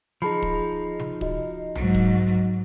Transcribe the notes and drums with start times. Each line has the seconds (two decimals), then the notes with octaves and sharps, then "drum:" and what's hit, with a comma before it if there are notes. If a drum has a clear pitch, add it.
0.22 F3 D#4 G#4 A5 B5
0.42 drum: kick
0.99 drum: tom C3
1.21 F#4 D#5, drum: kick
1.75 G#2 F#3, drum: tom B1
1.94 drum: kick